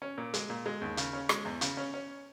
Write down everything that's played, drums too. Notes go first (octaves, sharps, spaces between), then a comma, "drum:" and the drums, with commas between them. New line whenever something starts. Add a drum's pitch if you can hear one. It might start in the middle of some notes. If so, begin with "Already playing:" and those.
C#4
A#2
G#3, drum: hi-hat
A#2
G#3
D#2
C#3, drum: hi-hat
C#4
G#3, drum: rim click
E2
C#3, drum: hi-hat
C#4
C#4